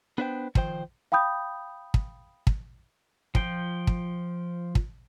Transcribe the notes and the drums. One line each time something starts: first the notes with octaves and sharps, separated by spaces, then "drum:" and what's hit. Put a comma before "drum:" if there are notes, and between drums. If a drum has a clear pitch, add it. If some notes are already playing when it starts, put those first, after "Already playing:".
B3 D4 B4 C5 E5 G5
D#3 F3 C5 G5, drum: kick
F5 G5 B5 D#6 G6
drum: kick
drum: kick
F3 G5, drum: kick
drum: kick
drum: kick